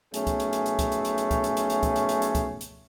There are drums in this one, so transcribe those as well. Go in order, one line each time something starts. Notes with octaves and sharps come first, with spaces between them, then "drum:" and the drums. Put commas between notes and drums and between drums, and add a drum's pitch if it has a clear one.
B1 A3 C#4 G#4, drum: hi-hat
drum: kick C#2, hi-hat
drum: hi-hat
drum: hi-hat
drum: hi-hat
drum: kick C#2, hi-hat
drum: hi-hat
drum: hi-hat
drum: hi-hat
drum: kick C#2, hi-hat
drum: hi-hat
drum: hi-hat
drum: hi-hat
drum: kick C#2, hi-hat
drum: hi-hat
drum: hi-hat
drum: hi-hat
drum: kick C#2, hi-hat
drum: hi-hat